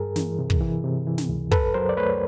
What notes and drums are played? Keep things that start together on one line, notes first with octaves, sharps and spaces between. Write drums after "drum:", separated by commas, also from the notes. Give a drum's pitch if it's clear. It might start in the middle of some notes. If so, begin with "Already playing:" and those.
Already playing: G2 G#4 A#4
E3, drum: snare
C3
drum: kick
E3
C3
E3
drum: snare
C#2
F#2 A4 B4, drum: kick
F#3 A#4 C5
D5
A3 B4 C#5